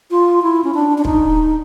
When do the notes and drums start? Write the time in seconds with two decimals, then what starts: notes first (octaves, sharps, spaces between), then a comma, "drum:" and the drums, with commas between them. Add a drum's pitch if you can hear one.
0.11 F4
0.42 E4
0.64 C#4
0.74 D4
0.98 D4
1.05 D#4, drum: kick